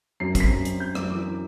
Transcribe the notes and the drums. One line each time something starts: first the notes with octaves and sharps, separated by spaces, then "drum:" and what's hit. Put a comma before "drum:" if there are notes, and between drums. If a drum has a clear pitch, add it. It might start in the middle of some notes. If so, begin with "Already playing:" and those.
F#2 C7
C4, drum: kick, hi-hat
B6
F#2
C4, drum: hi-hat
F#2 G6
F#2 D6, drum: rim click
E3 D6
E3 D6